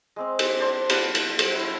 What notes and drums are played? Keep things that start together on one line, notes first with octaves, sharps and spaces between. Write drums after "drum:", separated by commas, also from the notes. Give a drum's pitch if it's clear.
G#3 C4 D6
drum: cymbal
C5 D5 A5 C6
F4 B4 D5 F#5, drum: cymbal
drum: cymbal
C5, drum: cymbal
E4